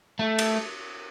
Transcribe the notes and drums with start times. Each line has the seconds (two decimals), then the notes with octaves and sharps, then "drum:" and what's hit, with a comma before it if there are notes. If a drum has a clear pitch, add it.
0.19 A3
0.39 drum: cymbal